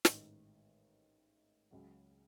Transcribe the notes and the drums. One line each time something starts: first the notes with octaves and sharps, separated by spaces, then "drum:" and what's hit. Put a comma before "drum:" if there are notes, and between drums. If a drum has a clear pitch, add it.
A1 G#2 D#3, drum: snare
C#2 C#3 F#3